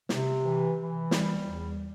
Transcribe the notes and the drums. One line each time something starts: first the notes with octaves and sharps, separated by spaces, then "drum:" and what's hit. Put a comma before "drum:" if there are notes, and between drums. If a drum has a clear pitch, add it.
C3, drum: snare
E3
E3
G3, drum: snare
E2